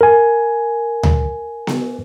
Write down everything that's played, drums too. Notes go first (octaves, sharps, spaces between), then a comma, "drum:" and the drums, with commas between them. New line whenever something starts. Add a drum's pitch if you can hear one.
A#4 G#5
drum: tom D2
drum: snare B3